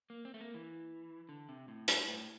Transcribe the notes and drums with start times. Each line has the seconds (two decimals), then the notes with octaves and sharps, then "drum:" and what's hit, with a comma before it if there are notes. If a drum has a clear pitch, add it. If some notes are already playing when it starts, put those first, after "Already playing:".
0.10 A#3
0.25 C4
0.34 A3
0.41 A#3
0.54 E3
1.29 D3
1.49 C3
1.68 A2
1.88 G2, drum: hi-hat
2.08 A2